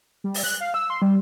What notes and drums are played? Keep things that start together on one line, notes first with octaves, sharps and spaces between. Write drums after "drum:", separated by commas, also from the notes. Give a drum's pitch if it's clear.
G3
drum: open hi-hat
F#6
F5
E6
C6
G3